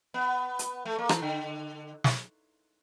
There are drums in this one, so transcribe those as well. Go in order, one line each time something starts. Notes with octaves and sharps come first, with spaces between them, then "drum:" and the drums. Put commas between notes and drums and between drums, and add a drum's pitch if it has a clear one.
B3
drum: hi-hat
A3
A#3
E3, drum: rim click
D3
drum: snare